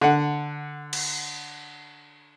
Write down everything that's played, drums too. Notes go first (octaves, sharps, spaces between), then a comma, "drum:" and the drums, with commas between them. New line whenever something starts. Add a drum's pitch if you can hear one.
D3 F#5
drum: cymbal